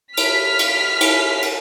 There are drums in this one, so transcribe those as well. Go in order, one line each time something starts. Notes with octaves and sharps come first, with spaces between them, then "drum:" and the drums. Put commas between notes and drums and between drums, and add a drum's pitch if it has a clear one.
F6 B6, drum: cymbal
drum: cymbal
drum: cymbal
drum: cymbal